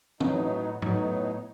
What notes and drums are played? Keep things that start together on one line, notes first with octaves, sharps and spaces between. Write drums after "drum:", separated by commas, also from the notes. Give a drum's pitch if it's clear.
A2 F#3 B3 D#4, drum: tom
A2 F#3 B3 D#4, drum: tom